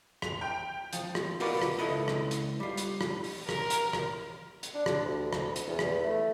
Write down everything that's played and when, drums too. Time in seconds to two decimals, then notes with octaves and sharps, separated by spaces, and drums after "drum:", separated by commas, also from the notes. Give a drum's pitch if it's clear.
0.22 F7, drum: rim click
0.41 G5
0.93 F3, drum: hi-hat
1.15 drum: rim click
1.40 F4 F#4 A#4 B4 D5, drum: open hi-hat
1.61 drum: rim click
1.79 C#2 C#3 E4 A4 B4 D#5
2.08 drum: rim click
2.31 drum: hi-hat
2.60 G3 F4
2.77 drum: hi-hat
3.01 drum: rim click
3.24 drum: open hi-hat
3.49 A#4, drum: rim click
3.70 drum: hi-hat
3.93 drum: rim click
4.63 drum: hi-hat
4.74 D4
4.86 drum: rim click
5.04 D2
5.33 drum: rim click
5.56 drum: hi-hat
5.67 E2
5.79 drum: rim click
6.04 A3